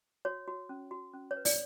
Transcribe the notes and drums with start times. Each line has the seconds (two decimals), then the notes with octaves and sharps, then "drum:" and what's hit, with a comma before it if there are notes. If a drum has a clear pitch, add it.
0.25 F#4 C#5
0.48 F#4
0.69 C#4
0.91 F#4
1.14 C#4
1.31 C#5
1.37 B4
1.45 D5, drum: open hi-hat